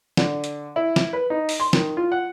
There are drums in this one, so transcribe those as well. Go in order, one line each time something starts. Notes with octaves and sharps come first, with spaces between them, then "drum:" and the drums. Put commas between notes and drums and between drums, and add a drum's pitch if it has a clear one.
D3, drum: snare
drum: hi-hat
E4
drum: snare
B4
D#4
drum: open hi-hat
C6
D#3, drum: snare
F4
F#5